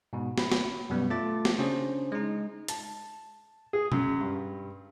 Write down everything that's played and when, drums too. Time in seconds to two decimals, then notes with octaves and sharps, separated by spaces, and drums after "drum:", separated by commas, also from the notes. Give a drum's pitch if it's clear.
0.13 G#2 B2
0.38 B5, drum: snare
0.52 drum: snare
0.90 F#2 B2 F#3 G3 B3
1.10 A3 F4 A5 D6 A6
1.45 drum: snare
1.59 C#3 C#4 D4 C5
2.12 G#3 D#4
2.68 A5, drum: hi-hat
3.73 G#4
3.92 F#2, drum: tom B2
4.20 G2